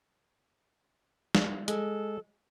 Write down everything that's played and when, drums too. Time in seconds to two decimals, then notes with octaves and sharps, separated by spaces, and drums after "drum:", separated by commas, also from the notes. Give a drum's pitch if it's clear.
1.35 drum: snare
1.68 G#3 A4, drum: hi-hat